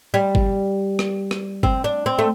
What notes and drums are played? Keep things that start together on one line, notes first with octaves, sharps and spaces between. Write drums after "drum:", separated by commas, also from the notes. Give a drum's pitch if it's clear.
G3
drum: kick
drum: rim click
drum: rim click
C4, drum: kick
D4
C4
A3